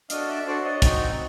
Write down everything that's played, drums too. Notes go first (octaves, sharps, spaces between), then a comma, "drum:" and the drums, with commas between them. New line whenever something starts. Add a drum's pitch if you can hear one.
D4 F#4 A4 D#5 F5, drum: hi-hat
D5 E5
D4 F#4 A4 C5 D5
C#5 D#5
C4 D#4 F#4, drum: kick, hi-hat